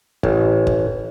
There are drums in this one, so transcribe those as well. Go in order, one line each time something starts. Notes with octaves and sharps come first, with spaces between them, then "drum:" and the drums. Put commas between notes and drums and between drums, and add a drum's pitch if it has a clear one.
A1, drum: kick
drum: kick